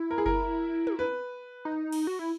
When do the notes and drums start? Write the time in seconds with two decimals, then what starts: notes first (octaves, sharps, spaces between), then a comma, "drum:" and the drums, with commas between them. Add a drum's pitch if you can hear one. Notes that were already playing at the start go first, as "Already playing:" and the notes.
Already playing: E4
0.11 A#4
0.18 G#4
0.26 A#4, drum: kick G1
0.87 drum: tom
0.99 B4
1.65 D#4
1.92 drum: cymbal
2.07 F#4
2.19 E4